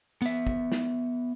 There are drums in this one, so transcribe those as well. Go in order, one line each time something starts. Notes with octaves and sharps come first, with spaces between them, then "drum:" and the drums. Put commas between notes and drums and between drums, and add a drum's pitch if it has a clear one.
B3 E5, drum: hi-hat
drum: kick
drum: snare